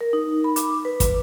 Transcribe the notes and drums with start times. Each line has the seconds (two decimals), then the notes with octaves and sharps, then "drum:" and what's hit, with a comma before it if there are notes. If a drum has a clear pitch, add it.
0.01 A#4
0.13 D#4
0.44 B5
0.56 D6, drum: hi-hat
0.85 B4
1.00 drum: kick, hi-hat